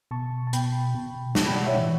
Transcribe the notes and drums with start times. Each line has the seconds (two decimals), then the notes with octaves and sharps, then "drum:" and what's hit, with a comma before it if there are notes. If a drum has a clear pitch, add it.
0.11 B2 A5 C#6
0.47 A5
0.53 B2 G5 B5, drum: hi-hat
0.95 B2
1.35 B2 A5 C#6, drum: snare
1.46 G5 B5
1.56 D5 F#5
1.66 C#5 E5
1.77 A2 E3